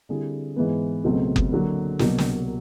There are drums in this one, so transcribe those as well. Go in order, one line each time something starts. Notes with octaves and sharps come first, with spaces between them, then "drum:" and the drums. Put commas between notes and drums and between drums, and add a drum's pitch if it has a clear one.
D3 G3 C4 E4 G#4
G#2 E3 G#3 B3
C#2 B2 F#3 A3 C4
drum: kick F#1
D3 F#3 A#3
C2 B2 F#3 A#3, drum: snare
drum: snare